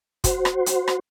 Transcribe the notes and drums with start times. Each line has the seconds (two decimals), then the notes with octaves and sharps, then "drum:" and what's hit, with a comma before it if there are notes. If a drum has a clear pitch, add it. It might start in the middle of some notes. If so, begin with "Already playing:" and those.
0.24 F#4 C5, drum: kick, hi-hat
0.45 drum: rim click
0.66 drum: hi-hat
0.88 drum: rim click